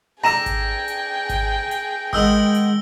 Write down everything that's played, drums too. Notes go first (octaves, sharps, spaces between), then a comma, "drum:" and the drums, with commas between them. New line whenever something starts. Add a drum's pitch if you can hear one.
D4 G#4 A4 G5 A#5 A#6 E7
drum: kick G#1, hi-hat
drum: hi-hat
drum: kick G#1, hi-hat
drum: hi-hat
D#3 G#3 B3 D#6 E6 F#7, drum: kick G#1
drum: hi-hat